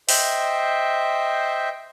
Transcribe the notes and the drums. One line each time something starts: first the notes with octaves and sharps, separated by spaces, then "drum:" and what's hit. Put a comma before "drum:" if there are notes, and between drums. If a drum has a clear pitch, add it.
C5 D#5 E5 G5, drum: open hi-hat